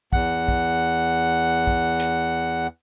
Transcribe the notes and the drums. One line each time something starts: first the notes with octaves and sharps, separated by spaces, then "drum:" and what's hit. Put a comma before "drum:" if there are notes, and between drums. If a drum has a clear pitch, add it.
E2 F#5, drum: kick
drum: kick
drum: kick
drum: hi-hat